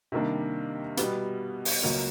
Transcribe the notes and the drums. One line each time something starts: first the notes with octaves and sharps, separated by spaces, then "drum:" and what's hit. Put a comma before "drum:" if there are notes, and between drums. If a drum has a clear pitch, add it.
C3 D#3 G3 A#3 D4
B2 G3 B3, drum: hi-hat
drum: open hi-hat
C#2 C#3 F#3 A#3 C#4